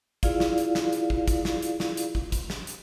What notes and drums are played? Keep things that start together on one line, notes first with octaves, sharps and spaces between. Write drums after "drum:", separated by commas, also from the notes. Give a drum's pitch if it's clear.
E4 F4 G#4 D5 F5, drum: kick, hi-hat
drum: snare
drum: hi-hat
drum: snare
drum: hi-hat
drum: kick
drum: kick, hi-hat
drum: snare
drum: hi-hat
drum: snare
drum: hi-hat
drum: kick
drum: kick, hi-hat
drum: snare
drum: hi-hat